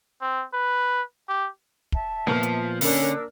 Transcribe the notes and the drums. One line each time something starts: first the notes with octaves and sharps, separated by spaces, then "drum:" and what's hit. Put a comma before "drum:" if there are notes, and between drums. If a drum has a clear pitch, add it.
C4
B4
G4
E5 A5, drum: kick
A#2 F3 B3 F6, drum: snare
drum: hi-hat
D3 A#3 C#4 D4 A#4 E6, drum: open hi-hat